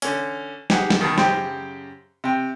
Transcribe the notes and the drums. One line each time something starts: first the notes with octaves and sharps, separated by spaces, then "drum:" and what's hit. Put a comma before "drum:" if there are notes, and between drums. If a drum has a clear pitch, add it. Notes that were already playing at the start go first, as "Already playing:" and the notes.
D3 C#4, drum: hi-hat
G4 G#4 F#5, drum: snare
drum: snare
D#2 B2 D#3
F#2 C#3 G4 C5 G5, drum: snare
C3 G5